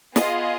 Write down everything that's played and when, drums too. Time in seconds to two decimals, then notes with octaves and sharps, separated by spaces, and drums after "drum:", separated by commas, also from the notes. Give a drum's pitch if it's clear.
0.16 B3 F4 G#4 D#5, drum: snare